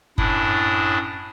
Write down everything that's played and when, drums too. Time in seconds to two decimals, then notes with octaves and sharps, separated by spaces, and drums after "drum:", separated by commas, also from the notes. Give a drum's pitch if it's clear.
0.18 F#2 A2 D4 E4 D#6, drum: kick F#1